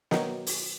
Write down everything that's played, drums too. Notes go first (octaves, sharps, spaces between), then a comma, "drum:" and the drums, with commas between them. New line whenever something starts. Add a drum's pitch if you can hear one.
B2 D#3 F#3 D#4, drum: snare
drum: open hi-hat